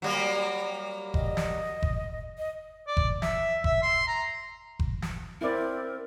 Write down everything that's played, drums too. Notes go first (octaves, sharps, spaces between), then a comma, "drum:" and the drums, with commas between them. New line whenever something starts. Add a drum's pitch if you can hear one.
F#3 G3 A#3
D#5, drum: kick F#1
drum: snare
drum: kick F#1
D#5
D5
drum: kick F#1
E5, drum: snare
E5, drum: kick F#1
C6
A#5
drum: kick F#1
drum: snare
C4 E4 A#4 D5